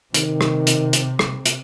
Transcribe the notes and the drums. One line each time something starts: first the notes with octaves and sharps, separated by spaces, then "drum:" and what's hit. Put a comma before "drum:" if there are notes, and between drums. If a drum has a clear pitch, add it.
C3 D#3, drum: hi-hat
drum: rim click
drum: hi-hat
drum: hi-hat
drum: rim click
drum: hi-hat